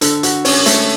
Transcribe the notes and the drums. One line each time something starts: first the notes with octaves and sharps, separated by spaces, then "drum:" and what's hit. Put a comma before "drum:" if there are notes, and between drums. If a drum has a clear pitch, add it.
D3 A4, drum: hi-hat
F#4, drum: hi-hat
C#4, drum: open hi-hat
A3, drum: hi-hat